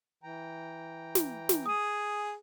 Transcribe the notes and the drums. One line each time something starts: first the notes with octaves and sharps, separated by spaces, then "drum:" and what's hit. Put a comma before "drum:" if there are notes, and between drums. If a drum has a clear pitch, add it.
E3 G5 A#5
drum: snare
drum: snare
G#4 D#6 D#7